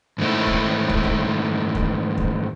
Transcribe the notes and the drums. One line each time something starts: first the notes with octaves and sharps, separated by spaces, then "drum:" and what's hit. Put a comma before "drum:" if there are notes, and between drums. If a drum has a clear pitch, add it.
G#2 D#3 A3 E4
drum: kick
drum: kick
drum: kick
drum: kick
drum: kick